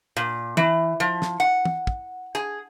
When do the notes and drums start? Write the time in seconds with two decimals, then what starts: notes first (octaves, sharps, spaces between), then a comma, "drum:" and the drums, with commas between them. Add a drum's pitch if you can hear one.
0.17 A#2
0.57 E3, drum: tom
1.00 F3
1.22 drum: snare
1.40 F#5
1.65 drum: tom
1.87 drum: kick
2.35 G#4